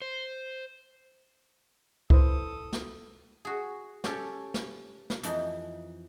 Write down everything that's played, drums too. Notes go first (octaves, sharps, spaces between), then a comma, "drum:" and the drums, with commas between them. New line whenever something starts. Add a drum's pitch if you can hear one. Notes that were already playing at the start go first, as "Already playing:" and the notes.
C5
E4 A4 B4 C5 D#6, drum: kick C#2
drum: snare
F#4 G#4
C#4 G4 A4 C#5, drum: snare
drum: snare
drum: snare
F2 E3 D#4, drum: hi-hat